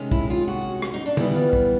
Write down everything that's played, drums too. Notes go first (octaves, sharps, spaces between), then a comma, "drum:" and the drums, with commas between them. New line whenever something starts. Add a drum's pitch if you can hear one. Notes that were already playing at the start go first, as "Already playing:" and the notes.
Already playing: C3 D#3 G#3 C#4
E4, drum: kick
F4
F#4
drum: rim click
D#4
D4
E3 G3 B3 D#4, drum: tom
F4
drum: kick